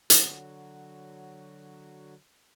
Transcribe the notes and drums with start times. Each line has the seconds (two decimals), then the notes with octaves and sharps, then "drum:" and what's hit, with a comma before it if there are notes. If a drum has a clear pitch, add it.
0.10 D3 F#3 F#4, drum: hi-hat